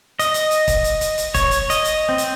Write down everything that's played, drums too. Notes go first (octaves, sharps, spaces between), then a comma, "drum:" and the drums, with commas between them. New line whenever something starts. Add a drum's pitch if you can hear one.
D#5, drum: hi-hat
drum: hi-hat
drum: hi-hat
drum: kick, hi-hat
drum: hi-hat
drum: hi-hat
drum: hi-hat
C#5, drum: kick, hi-hat
drum: hi-hat
D#5, drum: hi-hat
drum: hi-hat
C4
drum: hi-hat